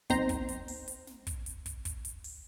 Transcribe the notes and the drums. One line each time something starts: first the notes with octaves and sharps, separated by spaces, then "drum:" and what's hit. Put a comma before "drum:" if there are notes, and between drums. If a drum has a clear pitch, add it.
B1 C4 D#4 C5 A#5 C6, drum: kick, hi-hat
drum: kick, hi-hat
drum: hi-hat
drum: open hi-hat
drum: hi-hat
drum: snare
drum: kick, hi-hat
drum: hi-hat
drum: kick, hi-hat
drum: kick, hi-hat
drum: hi-hat
drum: open hi-hat